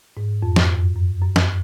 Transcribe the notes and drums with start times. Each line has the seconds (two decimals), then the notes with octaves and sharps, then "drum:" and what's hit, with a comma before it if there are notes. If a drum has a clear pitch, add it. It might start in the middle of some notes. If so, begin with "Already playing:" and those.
0.17 G#2
0.43 F2
0.56 drum: snare
0.70 F#2
0.96 F#2
1.22 F#2
1.36 drum: snare